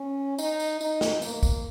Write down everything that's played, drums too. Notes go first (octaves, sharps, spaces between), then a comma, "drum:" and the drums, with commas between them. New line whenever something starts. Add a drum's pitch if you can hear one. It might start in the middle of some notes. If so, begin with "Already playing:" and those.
Already playing: C#4
D#4, drum: tambourine
drum: tambourine
D#4, drum: tambourine
drum: snare
A#3, drum: tambourine
drum: kick, tambourine